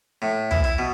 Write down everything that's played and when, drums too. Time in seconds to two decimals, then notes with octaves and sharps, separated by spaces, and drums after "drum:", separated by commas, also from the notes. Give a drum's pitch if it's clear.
0.22 A2
0.51 E4, drum: tom
0.64 E4
0.78 B2